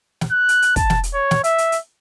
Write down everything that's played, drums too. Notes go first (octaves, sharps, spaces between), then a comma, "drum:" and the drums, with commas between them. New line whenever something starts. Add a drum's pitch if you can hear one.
drum: snare
F#6
drum: hi-hat
drum: hi-hat
A5, drum: kick, hi-hat
drum: snare
drum: hi-hat
C#5
drum: snare
E5, drum: hi-hat
drum: hi-hat
drum: hi-hat